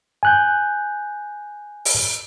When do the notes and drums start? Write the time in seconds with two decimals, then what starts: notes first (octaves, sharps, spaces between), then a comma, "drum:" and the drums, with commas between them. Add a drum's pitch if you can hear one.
0.23 G#5 F#6 G6
1.85 drum: open hi-hat